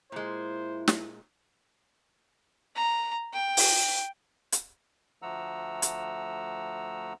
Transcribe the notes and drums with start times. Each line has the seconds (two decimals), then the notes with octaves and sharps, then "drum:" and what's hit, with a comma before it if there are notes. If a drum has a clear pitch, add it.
0.12 A#2 G#3 E4 C5
0.88 drum: snare
2.75 A#5
3.33 G5
3.57 drum: open hi-hat
4.52 drum: hi-hat
5.22 D2 F3 A3 F#5 A#5 E6
5.82 drum: hi-hat